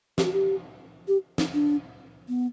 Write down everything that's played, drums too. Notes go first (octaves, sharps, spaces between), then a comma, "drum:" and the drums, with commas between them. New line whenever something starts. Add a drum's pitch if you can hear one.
G4, drum: snare
F#4
G4
G4
D#4, drum: snare
D4
B3